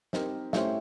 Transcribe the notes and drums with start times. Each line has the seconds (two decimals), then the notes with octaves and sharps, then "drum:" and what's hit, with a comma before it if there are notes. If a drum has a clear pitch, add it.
0.13 C4 D#4 G4 A#4, drum: snare
0.53 A3 C#4 E4 G4 C5, drum: snare